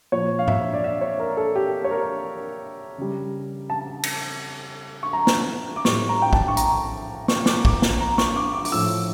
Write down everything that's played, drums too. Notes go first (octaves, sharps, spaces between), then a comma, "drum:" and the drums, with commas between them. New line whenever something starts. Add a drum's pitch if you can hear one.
A#2 F3 C#5
F5
E5, drum: tom G#2
D5
E5
C#5
A#4
A4
G4
C#5
A#4
C#3 G3
A5
drum: cymbal
C#6
A#5
drum: snare
D6
A2 G3 C#6, drum: snare
A#5
G5
A5, drum: kick
C#6
A#5, drum: hi-hat
C#6, drum: snare
D6, drum: snare
D6, drum: kick
drum: snare
A#5
C#6, drum: snare
D6
D6
D6, drum: open hi-hat
A2 F3 E6